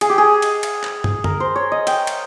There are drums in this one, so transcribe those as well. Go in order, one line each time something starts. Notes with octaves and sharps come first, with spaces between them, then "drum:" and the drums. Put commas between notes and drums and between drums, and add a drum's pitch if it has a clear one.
G#4, drum: cymbal
G4
G#4
drum: cymbal
drum: cymbal
drum: clap
drum: tom
A#4, drum: tom F#2
C5
C#5
D#5
G5, drum: cymbal
drum: cymbal